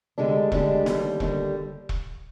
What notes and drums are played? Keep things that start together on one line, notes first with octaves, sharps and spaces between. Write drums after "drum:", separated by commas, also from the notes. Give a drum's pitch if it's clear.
D2 D3 G#3 D4 G4
D2 D3 G#3 D4 G4, drum: kick E1
D#2 D3 G3, drum: snare
D#2 D3 G3, drum: kick E1
drum: kick E1